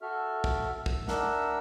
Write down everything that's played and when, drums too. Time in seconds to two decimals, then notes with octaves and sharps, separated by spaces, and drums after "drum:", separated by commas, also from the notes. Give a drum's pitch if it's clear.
0.02 F#4 A4 E5 F6
0.44 drum: kick
0.86 drum: kick
1.08 D4 A#4 E5 F#5 E6, drum: snare